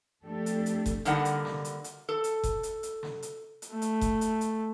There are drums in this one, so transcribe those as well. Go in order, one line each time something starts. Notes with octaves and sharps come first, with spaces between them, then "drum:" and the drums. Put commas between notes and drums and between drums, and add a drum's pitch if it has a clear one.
F2 A3 D4 G4 A4
drum: hi-hat
drum: hi-hat
drum: kick F#1, hi-hat
D3 G3 A#3 D#4 F#5, drum: hi-hat
drum: hi-hat
drum: snare
drum: hi-hat
drum: hi-hat
A4
drum: hi-hat
drum: kick F#1, hi-hat
drum: hi-hat
drum: hi-hat
drum: snare
drum: hi-hat
drum: hi-hat
A3
drum: hi-hat
drum: kick F#1, hi-hat
drum: hi-hat
drum: hi-hat